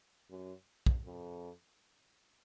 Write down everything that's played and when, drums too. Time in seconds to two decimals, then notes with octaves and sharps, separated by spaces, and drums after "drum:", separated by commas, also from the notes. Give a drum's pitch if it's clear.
0.30 F#2
0.86 drum: kick
1.05 F2